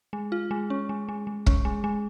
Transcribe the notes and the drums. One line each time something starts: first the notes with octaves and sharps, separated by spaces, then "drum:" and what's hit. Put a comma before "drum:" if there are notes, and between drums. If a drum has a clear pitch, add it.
G#3
F4
G#3
C#4
G#3
G#3
G#3
C#4, drum: kick
G#3
G#3